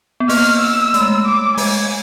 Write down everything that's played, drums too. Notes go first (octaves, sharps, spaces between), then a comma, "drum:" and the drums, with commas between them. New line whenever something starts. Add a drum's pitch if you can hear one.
B3
A#3 F6, drum: open hi-hat
E6
A3, drum: hi-hat
G#3
A3
D6
G#3 G#5, drum: open hi-hat